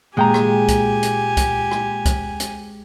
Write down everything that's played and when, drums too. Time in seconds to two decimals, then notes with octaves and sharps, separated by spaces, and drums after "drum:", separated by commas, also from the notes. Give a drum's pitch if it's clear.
0.17 A#2 G#3 G4 G5 G#5 A#5
0.34 drum: rim click
0.68 drum: kick C2, hi-hat
1.03 drum: hi-hat
1.37 drum: kick C2, hi-hat
1.71 drum: rim click
2.05 drum: kick C2, hi-hat
2.40 drum: hi-hat